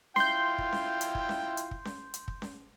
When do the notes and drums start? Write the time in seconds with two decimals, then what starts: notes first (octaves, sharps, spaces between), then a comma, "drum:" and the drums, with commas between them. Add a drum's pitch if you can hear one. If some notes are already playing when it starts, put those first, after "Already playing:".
0.16 E4 F4 G5 C6 G6, drum: snare C#4
0.58 drum: kick
0.73 drum: snare C#4
1.01 drum: hi-hat
1.15 drum: kick
1.29 drum: snare C#4
1.57 drum: hi-hat
1.71 drum: kick
1.85 drum: snare C#4
2.14 drum: hi-hat
2.28 drum: kick
2.42 drum: snare C#4